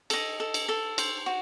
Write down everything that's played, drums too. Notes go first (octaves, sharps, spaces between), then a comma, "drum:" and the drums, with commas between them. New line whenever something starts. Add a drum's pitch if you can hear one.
A4 D#5, drum: cymbal
A4
drum: cymbal
A4
C5, drum: cymbal
F#4